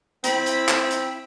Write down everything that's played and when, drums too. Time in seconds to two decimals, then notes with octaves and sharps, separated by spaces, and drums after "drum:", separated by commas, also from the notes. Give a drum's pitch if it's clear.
0.24 C4 E4 B5, drum: hi-hat
0.46 drum: hi-hat
0.68 drum: clap
0.91 drum: hi-hat